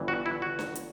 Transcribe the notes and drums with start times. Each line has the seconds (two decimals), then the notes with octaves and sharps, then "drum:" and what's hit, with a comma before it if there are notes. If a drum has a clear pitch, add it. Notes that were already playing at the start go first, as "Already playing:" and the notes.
Already playing: G1 G2 E3
0.08 F#4
0.26 E4
0.42 F#4
0.59 drum: snare D4
0.75 drum: hi-hat